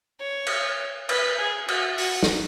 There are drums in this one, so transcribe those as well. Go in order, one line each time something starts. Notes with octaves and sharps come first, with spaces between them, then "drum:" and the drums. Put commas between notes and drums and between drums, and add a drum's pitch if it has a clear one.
C#5
drum: cymbal
B4, drum: cymbal
G#4
F#4, drum: cymbal
F#4, drum: open hi-hat
drum: snare